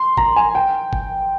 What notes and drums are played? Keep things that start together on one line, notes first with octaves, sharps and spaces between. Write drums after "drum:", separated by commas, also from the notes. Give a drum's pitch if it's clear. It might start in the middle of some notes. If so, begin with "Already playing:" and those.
Already playing: C6
A#5, drum: kick G1
G#5
G5
drum: kick G1